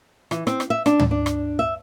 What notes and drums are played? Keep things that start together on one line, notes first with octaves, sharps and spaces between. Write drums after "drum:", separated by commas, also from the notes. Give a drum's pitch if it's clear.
E3, drum: rim click
C4, drum: rim click
drum: rim click
E5
D4, drum: rim click
drum: tom
D4
drum: rim click
E5